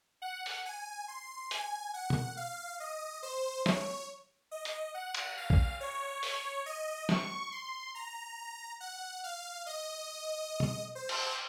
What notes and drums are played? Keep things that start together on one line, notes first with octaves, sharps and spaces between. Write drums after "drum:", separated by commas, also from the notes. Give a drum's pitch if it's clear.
F#5
drum: open hi-hat
G#5
C6
G#5, drum: hi-hat
F#5
drum: tom B2
F5
D#5
C5
C#5, drum: snare
D#5
drum: hi-hat
F#5
drum: cymbal
F5
drum: kick A#1
C#5
C#5, drum: open hi-hat
D#5
C#6, drum: snare
C6
A#5
F#5
F5
D#5
drum: tom B2
C5
drum: cymbal